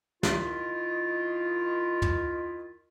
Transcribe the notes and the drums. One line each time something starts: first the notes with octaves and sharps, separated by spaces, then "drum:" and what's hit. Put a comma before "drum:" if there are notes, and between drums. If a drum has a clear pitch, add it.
D#3 E4 F4, drum: snare
drum: tom